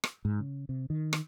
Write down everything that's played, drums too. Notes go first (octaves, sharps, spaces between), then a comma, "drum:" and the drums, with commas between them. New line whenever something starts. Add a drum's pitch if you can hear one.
drum: rim click
G#2
C#3
C3
D#3
drum: rim click